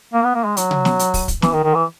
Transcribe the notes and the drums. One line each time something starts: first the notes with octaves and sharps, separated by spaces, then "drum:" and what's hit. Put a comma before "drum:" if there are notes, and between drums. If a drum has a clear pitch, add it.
A#3
B3
A#3
G#3
F#3, drum: hi-hat
drum: tom C3
drum: snare
drum: hi-hat
drum: kick, open hi-hat
drum: kick, hi-hat
E3, drum: snare
D#3
D#3
E3